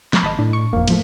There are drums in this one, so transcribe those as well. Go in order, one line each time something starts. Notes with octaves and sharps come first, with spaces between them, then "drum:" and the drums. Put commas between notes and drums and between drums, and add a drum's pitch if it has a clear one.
drum: snare
G#1 D#5 A5 B5
A2 D4
C#6
G1 F2 A#3
A2 F3 A3, drum: cymbal